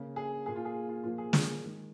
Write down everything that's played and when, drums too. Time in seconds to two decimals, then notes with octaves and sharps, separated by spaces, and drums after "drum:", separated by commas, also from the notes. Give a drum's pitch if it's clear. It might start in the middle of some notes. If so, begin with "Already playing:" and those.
Already playing: C#3 A#3
0.16 G#4
0.46 A#2 A#3 G#4
0.56 F4
0.65 G#4
0.89 F4
1.03 A#2 F3 A#3 F4
1.18 G#4
1.33 G#4, drum: snare
1.62 D#3 G#3